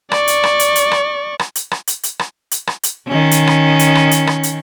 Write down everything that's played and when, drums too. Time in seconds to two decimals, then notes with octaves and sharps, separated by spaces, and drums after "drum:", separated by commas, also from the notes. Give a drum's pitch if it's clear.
0.12 D5 C#6, drum: rim click
0.28 drum: hi-hat
0.44 drum: rim click
0.60 drum: hi-hat
0.76 drum: hi-hat
0.92 drum: rim click
1.39 drum: rim click
1.55 drum: hi-hat
1.71 drum: rim click
1.87 drum: hi-hat
2.03 drum: hi-hat
2.19 drum: rim click
2.51 drum: hi-hat
2.67 drum: rim click
2.83 drum: hi-hat
3.07 D#3 C#4
3.31 drum: hi-hat
3.47 drum: rim click
3.79 drum: hi-hat
3.95 drum: rim click
4.11 drum: hi-hat
4.27 drum: rim click
4.43 drum: hi-hat